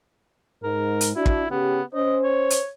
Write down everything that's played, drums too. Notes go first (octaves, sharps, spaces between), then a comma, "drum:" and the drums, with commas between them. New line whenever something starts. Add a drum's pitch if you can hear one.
G#2 A#4
drum: hi-hat
D4 E4 F#4
drum: kick
C#3 B3 G4
C#4 C5 D#5
C#5
drum: hi-hat